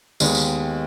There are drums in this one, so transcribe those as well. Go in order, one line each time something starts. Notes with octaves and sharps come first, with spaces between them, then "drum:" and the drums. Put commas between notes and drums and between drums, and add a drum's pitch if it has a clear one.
D#2 D#3 G#3 B3, drum: tambourine
drum: tambourine